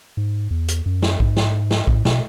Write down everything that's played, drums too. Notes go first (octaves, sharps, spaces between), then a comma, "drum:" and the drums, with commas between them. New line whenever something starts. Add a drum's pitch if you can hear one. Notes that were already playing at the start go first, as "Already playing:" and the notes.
G#2
E2
drum: hi-hat
F#2
drum: snare
G#2, drum: kick A#1
drum: snare
drum: snare
A2, drum: kick A#1
B2, drum: snare